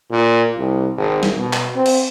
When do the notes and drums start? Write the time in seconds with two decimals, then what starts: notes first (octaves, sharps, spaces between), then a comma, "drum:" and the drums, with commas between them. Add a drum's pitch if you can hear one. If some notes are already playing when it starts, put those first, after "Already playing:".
0.11 A#2
0.58 C2
0.97 G#1
1.23 drum: snare
1.36 B2
1.53 drum: clap
1.76 C4
1.86 drum: cymbal